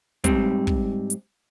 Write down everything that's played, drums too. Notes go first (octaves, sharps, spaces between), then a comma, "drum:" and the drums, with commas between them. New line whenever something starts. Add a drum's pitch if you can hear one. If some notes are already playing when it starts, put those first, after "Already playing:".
G#2 G3 C4, drum: kick, hi-hat
drum: kick
drum: hi-hat